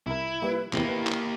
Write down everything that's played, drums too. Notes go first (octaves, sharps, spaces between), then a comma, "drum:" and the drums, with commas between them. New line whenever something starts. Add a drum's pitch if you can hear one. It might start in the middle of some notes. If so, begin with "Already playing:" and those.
C2 E4 A#4
G3 A#3 B4
E2 C3 A#3 E4 G4, drum: clap
B4
drum: clap